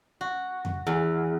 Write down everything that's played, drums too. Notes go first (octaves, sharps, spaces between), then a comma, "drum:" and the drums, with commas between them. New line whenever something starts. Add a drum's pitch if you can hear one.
F#4
drum: tom F2
E2